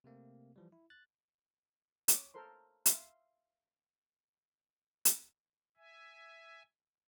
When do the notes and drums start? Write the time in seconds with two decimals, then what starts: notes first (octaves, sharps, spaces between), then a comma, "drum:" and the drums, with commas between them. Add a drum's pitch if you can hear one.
0.04 C3 A3 A#3 C4
0.56 E3 F3 G3
0.72 E4
0.90 F#6 A6
2.08 C#5 D6 D#6, drum: hi-hat
2.34 A4 A#4 C5 C6
2.86 E5 F5 C6, drum: hi-hat
5.05 drum: hi-hat
5.77 E5 G#5